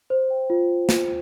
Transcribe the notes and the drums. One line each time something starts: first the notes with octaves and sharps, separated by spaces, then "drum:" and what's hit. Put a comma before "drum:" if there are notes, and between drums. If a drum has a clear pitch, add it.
C5
G5
F4
drum: snare